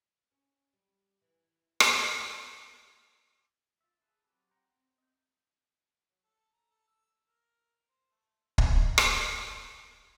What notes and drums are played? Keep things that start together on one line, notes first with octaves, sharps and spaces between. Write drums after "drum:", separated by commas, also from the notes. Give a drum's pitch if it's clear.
C#4
G3
E3
drum: rim click
A4
F4 E5
G#4 A4 B4
F#3 C4 G4 B4
F#5 G5 A#5 C6
C4
D#5 G6
F#3
A4
A#5
A4
E6
A#4
C5
A3
drum: kick
drum: rim click
G#3 A3 D4 G4 E5 G5 G#5
A#3 C4